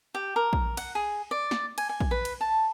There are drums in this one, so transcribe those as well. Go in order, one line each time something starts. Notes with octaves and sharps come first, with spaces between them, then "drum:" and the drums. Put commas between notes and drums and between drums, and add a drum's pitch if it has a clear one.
G4
A#4
drum: kick
F#5, drum: cymbal
G#4
D5
drum: snare
G#5, drum: cymbal
G#5
drum: kick
B4
drum: cymbal
A5